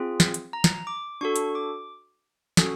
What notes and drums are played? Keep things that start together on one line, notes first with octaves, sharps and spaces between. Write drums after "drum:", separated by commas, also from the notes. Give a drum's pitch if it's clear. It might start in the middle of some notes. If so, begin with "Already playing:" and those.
Already playing: C4 F4 G#4
drum: snare
drum: hi-hat
A#5
drum: snare
D6
D4 F#4 A4 C#6
drum: hi-hat
D6
C#4 F#4 A4 D#6, drum: snare